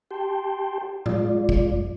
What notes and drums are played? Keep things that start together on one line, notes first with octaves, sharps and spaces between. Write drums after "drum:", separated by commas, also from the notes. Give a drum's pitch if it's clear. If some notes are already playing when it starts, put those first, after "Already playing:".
G4 G5 A5 C6
G#3 F4 D5, drum: tom A2
drum: kick
F#2